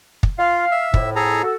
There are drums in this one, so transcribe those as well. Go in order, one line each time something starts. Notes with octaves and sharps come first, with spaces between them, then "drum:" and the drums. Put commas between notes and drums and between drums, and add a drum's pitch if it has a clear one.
drum: kick
F4 F5
E5
F2 A2, drum: kick
G#4 A4 A#5
F#4 A4